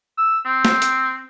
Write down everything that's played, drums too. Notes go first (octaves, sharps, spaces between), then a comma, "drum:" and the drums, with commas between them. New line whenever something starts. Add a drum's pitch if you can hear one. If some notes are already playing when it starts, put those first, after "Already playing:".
E6
C4
drum: snare
drum: hi-hat